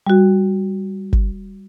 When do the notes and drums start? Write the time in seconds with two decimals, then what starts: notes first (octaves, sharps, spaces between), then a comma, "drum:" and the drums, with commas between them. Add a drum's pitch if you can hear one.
0.06 G3 F#4
1.13 drum: kick